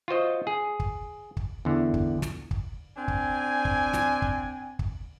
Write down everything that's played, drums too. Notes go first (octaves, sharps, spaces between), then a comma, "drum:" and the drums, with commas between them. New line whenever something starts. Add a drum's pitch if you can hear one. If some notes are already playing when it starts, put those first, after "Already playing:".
F4 F#4 C5 D#5
G#4
drum: kick
drum: kick
E2 D3
drum: kick
drum: snare
drum: kick
C4 D4 G#5
drum: kick
drum: kick
drum: snare
drum: kick
drum: kick